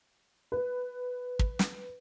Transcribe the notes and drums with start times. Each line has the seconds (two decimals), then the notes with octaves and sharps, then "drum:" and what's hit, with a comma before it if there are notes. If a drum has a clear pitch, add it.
0.52 B4
1.39 drum: kick
1.59 drum: snare